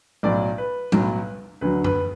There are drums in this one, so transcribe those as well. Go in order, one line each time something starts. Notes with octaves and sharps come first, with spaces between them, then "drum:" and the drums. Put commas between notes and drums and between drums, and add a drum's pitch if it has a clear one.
B1 A2 F#3 D5
B4
B1 A2 F#3, drum: tom G3
D2 D3 F#3 B4
B4, drum: tom F#2